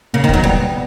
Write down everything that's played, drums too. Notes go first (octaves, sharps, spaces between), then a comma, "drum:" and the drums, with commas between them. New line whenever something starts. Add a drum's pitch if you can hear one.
C#3 A#3
D#3
F#3 B3, drum: kick
G3 B3